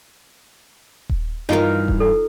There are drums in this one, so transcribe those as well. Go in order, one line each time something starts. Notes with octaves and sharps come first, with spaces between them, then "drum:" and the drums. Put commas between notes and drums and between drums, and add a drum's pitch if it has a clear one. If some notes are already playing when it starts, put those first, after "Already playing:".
drum: kick D#1
G2 E3 D#4 F4 A#4
drum: kick D#1
A4